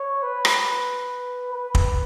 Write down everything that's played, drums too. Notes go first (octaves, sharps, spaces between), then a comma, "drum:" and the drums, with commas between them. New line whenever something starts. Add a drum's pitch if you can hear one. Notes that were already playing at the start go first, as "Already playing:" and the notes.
Already playing: C#5
B4
drum: rim click
B4
drum: kick